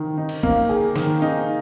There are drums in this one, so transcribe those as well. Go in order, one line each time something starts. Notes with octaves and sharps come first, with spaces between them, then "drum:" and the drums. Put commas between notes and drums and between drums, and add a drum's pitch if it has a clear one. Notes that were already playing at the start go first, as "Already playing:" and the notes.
Already playing: D#3
D#4
drum: cymbal
A#3, drum: kick
G#4
D#3, drum: snare
D#4